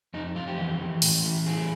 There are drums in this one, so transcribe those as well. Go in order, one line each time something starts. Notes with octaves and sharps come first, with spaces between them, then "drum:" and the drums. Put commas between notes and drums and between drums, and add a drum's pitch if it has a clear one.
F2 D#4
F2 F4
G4
E3
E3
A2, drum: open hi-hat
E3
A2 G#4